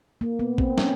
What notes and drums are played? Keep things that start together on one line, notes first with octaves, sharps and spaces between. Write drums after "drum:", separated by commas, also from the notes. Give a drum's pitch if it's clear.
A#3
B3
C4, drum: kick A1
C#4, drum: snare